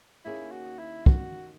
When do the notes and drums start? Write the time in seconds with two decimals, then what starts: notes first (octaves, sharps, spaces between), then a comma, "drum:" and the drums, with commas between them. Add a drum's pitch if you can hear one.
0.25 D#2 D#3 A#3 C#4 E4 G#4
0.52 F#4
0.79 E4
1.06 F#4, drum: kick